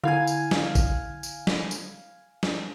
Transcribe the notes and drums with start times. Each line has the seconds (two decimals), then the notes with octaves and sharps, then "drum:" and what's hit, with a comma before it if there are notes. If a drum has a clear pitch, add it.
0.04 D3 E4 F5 G#5 G#6
0.27 drum: tambourine
0.51 drum: snare
0.75 drum: kick, tambourine
1.23 drum: tambourine
1.47 drum: snare
1.71 drum: tambourine
2.43 drum: snare